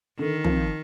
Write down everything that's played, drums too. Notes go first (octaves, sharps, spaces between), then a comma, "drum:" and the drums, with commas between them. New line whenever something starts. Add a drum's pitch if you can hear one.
D3 D#3
F3 C4, drum: tom